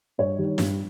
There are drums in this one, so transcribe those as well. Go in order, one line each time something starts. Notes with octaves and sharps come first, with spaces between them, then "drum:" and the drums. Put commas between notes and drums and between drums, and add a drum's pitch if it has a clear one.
G2 C#5
D#3 G3
G2, drum: snare